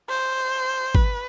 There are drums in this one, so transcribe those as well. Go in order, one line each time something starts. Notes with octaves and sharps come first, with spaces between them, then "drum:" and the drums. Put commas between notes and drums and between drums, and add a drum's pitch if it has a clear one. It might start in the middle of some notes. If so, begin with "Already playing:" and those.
C5
B4, drum: kick